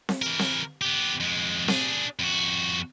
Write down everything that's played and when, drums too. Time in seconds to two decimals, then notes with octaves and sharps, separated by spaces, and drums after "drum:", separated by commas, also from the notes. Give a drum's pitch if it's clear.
0.09 drum: snare C4
0.22 E3 A#4
0.39 drum: snare C4
0.81 B3 G4
1.20 F2 G#3
1.68 D4 G#4, drum: snare C4
2.19 F2 F#4